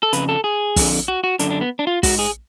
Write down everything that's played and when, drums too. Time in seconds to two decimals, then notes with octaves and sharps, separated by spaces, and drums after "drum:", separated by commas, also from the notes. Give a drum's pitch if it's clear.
0.03 A4
0.13 F2 C#3 B4, drum: hi-hat
0.29 A4
0.44 G#4
0.76 F2 D3, drum: kick, open hi-hat
1.08 F#4
1.24 F#4
1.39 F#2 D3 D4, drum: hi-hat
1.50 D4
1.61 B3
1.79 D4
1.87 F4
2.03 G#2 F#4, drum: kick, open hi-hat
2.19 G#4